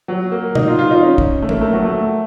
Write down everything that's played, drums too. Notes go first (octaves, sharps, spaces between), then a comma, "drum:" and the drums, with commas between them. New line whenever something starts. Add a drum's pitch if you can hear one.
F#3
A#3
D#4, drum: tom B2
F4
F4
D#4
C#4
drum: kick
A3
A#3, drum: tom F3
A3
F#3
A3